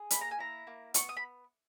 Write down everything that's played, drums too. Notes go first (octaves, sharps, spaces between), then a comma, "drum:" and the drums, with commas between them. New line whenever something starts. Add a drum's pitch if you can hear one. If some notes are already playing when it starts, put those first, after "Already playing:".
Already playing: G#4
A#3 B5, drum: hi-hat
A#5
G#5
E4 A#5
A#3
B3 C#6, drum: hi-hat
D#6
B5